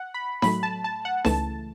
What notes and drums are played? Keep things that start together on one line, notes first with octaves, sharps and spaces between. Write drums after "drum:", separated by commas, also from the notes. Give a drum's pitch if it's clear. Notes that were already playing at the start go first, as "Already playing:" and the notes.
Already playing: F#5
B5
A2 F#3 A3 B5, drum: snare D#4
A5
A5
F#5
C#2 C#3 E3 A3 A5, drum: snare D#4